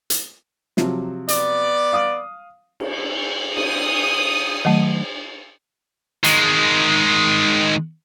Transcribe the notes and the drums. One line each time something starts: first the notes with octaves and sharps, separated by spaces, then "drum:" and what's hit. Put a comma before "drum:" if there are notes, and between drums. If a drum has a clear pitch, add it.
drum: hi-hat
C3 F3 F#3, drum: snare
B3 D5, drum: hi-hat
F5 D#6
drum: cymbal
D#6, drum: cymbal
D#3 F#3 A3
D#3 G#3, drum: hi-hat